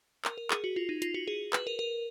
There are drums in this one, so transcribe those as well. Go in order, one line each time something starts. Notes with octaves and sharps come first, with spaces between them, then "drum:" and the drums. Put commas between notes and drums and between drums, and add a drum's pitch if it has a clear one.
A#4, drum: clap
A#4
G#4, drum: clap
F#4
F4
D#4
F4, drum: hi-hat
F#4
G#4
B4, drum: clap
A#4
A#4